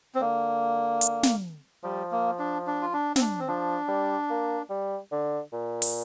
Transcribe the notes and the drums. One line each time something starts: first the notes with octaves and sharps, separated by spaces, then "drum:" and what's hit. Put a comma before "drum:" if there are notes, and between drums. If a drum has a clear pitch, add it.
C4
D3 A#3
drum: hi-hat
drum: snare
F3 G3
A#3
D4
D4
F4
D4
C4, drum: snare
D4
C4
F3 D4
G3
A#3
G3
D3
A#2
drum: open hi-hat